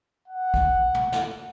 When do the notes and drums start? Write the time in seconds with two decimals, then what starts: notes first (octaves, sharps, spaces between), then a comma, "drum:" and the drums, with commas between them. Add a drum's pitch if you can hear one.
0.28 F#5
0.54 drum: kick
0.94 drum: tom
1.12 drum: snare